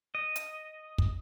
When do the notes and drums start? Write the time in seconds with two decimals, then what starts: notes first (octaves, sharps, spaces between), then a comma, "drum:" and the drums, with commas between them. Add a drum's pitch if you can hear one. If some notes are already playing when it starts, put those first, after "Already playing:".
0.15 D#5
0.36 drum: hi-hat
0.98 drum: kick